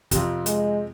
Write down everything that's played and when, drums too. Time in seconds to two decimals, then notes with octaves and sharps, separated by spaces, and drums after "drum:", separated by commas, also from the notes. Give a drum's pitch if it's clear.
0.11 F2 C3, drum: kick, hi-hat
0.46 G#3, drum: hi-hat